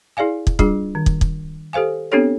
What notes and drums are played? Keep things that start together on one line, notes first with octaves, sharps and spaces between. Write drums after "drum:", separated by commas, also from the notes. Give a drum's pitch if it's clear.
E4 G#4 D5 F5 G#5
drum: kick
G3 D4 F4 G#4, drum: kick
D#3
drum: kick
drum: kick
G4 A4 C5 F5 G#5
B3 C4 D4 G4 A4 C#5